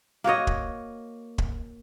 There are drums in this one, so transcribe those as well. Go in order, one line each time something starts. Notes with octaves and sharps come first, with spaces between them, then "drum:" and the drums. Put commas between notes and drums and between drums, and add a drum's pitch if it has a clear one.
A#3 F#4 C#5 D#5
drum: kick
drum: kick